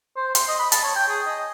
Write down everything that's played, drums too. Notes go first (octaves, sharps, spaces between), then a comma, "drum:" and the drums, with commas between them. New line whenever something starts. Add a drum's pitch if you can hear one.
C5
C6, drum: hi-hat
D#5
B5
A5, drum: hi-hat
C#5
G5
G#4
D#5